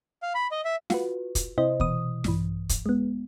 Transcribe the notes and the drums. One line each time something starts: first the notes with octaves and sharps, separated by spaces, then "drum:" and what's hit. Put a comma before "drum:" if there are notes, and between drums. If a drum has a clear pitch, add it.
F5
B5
D#5
E5
F4 F#4 B4, drum: snare
drum: kick, hi-hat
C3 E4 C5 D#5
B2 E3 D#6, drum: kick
A#1 G2 E3, drum: snare
drum: kick, hi-hat
G#3 B3